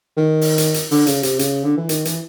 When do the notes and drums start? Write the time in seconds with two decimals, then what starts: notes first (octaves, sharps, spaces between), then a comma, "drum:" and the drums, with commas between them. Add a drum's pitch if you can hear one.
0.17 D#3
0.41 drum: open hi-hat
0.58 drum: hi-hat
0.74 drum: hi-hat
0.91 D3, drum: open hi-hat
1.07 C#3, drum: hi-hat
1.23 C3, drum: hi-hat
1.39 C#3, drum: hi-hat
1.64 D3
1.77 E3
1.89 D#3, drum: hi-hat
2.05 E3, drum: hi-hat